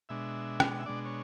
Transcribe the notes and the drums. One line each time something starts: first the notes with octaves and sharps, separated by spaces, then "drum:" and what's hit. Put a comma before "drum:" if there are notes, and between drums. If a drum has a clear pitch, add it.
B2 G#3 D4 E5
drum: rim click
E5
B2 G#3 D4 D5
C#5